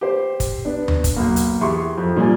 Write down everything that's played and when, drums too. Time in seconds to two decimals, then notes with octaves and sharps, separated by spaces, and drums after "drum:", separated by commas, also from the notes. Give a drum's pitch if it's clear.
0.01 G4 C5
0.40 drum: kick, hi-hat
0.65 B3 D4
0.88 drum: tom D#2
1.04 drum: kick, hi-hat
1.16 B1 A#3
1.36 drum: hi-hat
1.61 E2 G4 C6 C#6
1.98 F2
2.16 A#2 G3 G#5